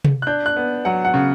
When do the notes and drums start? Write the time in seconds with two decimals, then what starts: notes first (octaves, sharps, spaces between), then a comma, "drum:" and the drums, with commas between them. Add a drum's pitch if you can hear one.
0.05 drum: tom C3
0.22 F#6
0.27 D4 G6
0.46 F#6
0.56 B3
0.85 F#3 F#5
1.05 F#5
1.14 C#3